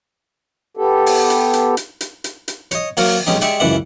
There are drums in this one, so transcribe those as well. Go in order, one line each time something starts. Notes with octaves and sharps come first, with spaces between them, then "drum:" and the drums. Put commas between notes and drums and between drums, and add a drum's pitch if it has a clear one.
B3 G4 A4
drum: open hi-hat
drum: hi-hat
drum: hi-hat
drum: hi-hat
drum: hi-hat
drum: hi-hat
drum: hi-hat
C#5 D#5, drum: hi-hat
F#3 A#3 F#4 A#4, drum: open hi-hat
B1 G#3 C#4 D#4 G4
G#3 G4 D5 E5 C#6, drum: hi-hat
C#2 F#2 E3 D5 E5 F#5